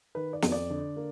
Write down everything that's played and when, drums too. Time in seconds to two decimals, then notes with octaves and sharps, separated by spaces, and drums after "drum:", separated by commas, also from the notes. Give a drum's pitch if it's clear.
0.15 D#3 B4
0.33 D5
0.42 F2, drum: snare
0.52 D5
0.70 D3
0.96 A#3